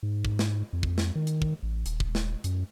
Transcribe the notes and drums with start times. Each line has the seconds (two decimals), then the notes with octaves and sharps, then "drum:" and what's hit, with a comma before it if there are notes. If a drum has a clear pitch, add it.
0.03 G#2
0.25 drum: kick
0.39 drum: snare
0.73 F2
0.83 drum: kick
0.98 drum: snare
1.15 D#3
1.27 drum: hi-hat
1.42 drum: kick
1.63 A1
1.86 D#1, drum: hi-hat
2.00 drum: kick
2.15 drum: snare
2.44 F#2, drum: hi-hat